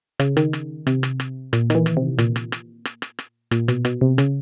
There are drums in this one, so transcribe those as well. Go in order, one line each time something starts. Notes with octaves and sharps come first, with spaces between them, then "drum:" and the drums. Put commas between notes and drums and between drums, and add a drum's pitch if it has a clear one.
C#3, drum: rim click
D#3, drum: rim click
drum: rim click
C3, drum: rim click
drum: rim click
drum: rim click
A#2, drum: rim click
D#3, drum: rim click
E3
drum: rim click
C3
A#2, drum: rim click
drum: rim click
drum: rim click
drum: rim click
drum: rim click
drum: rim click
A#2, drum: rim click
B2, drum: rim click
B2, drum: rim click
C3
C#3, drum: rim click